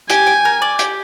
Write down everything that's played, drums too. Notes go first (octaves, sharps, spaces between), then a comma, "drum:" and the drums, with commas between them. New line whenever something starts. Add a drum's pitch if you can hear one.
G4 G#5, drum: hi-hat
G5
A#4
D5
G4, drum: hi-hat